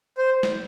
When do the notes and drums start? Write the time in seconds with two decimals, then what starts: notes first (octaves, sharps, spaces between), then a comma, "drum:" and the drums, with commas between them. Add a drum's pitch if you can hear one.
0.18 C5
0.43 drum: snare